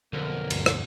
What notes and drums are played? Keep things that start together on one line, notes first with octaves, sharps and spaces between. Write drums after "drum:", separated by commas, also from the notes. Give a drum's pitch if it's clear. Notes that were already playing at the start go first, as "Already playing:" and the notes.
B1 F2 D3 A#3 A#4
D2 G2, drum: cymbal
drum: rim click